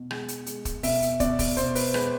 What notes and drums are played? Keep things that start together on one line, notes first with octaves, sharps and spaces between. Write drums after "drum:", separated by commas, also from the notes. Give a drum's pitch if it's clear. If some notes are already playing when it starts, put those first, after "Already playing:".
Already playing: B2
G#3, drum: rim click
drum: hi-hat
G#3, drum: hi-hat
drum: kick, hi-hat
B2 E5, drum: open hi-hat
drum: hi-hat
B2 D5, drum: kick, hi-hat
drum: kick, open hi-hat
B2 C5, drum: hi-hat
B4, drum: open hi-hat
G#3 B4, drum: rim click